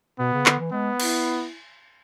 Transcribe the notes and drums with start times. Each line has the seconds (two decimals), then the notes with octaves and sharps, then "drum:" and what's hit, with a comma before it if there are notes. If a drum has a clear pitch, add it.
0.19 B2 B3
0.33 C#3
0.46 D3, drum: clap
0.59 E3
0.72 G#3 B3
1.00 E4, drum: cymbal